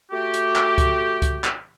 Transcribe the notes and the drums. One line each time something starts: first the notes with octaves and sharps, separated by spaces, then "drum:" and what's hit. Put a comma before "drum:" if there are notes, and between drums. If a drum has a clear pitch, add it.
A3 F#4 G4
drum: hi-hat
drum: clap
drum: kick C#2, hi-hat
drum: kick C#2, hi-hat
drum: clap